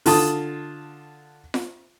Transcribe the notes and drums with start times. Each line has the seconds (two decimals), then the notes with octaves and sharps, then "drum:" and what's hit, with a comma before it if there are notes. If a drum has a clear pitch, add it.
0.06 D3 F4 A5 D#6, drum: open hi-hat
1.54 drum: snare F4